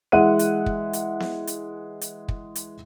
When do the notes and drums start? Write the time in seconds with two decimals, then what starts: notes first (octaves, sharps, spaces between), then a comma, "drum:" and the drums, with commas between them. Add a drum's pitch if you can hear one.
0.12 E3 G#3 E5 F#5 F#6 D#7
0.39 drum: hi-hat
0.66 drum: kick
0.93 drum: hi-hat
1.20 drum: snare B3
1.47 drum: hi-hat
2.01 drum: hi-hat
2.28 drum: kick
2.55 drum: hi-hat